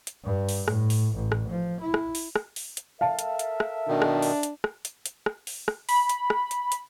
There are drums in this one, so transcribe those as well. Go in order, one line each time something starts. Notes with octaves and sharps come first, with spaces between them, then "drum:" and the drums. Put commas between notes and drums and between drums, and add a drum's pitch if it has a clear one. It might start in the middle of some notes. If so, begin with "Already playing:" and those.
drum: hi-hat
G2
drum: open hi-hat
A2, drum: rim click
drum: open hi-hat
A1
drum: rim click
F3
E4
drum: rim click
drum: open hi-hat
drum: rim click
drum: open hi-hat
drum: hi-hat
A4 A#4 E5 F5 A5
drum: hi-hat
drum: hi-hat
drum: rim click
B2 D#3 D4
drum: rim click
drum: open hi-hat
drum: hi-hat
drum: rim click
drum: hi-hat
drum: hi-hat
drum: rim click
drum: open hi-hat
drum: rim click
B5, drum: open hi-hat
drum: hi-hat
drum: rim click
drum: hi-hat
drum: hi-hat